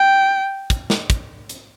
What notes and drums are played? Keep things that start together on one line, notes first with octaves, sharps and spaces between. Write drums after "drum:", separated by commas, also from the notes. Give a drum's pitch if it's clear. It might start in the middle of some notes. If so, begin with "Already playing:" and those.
Already playing: G5
drum: kick, hi-hat
drum: snare
drum: kick, hi-hat
drum: hi-hat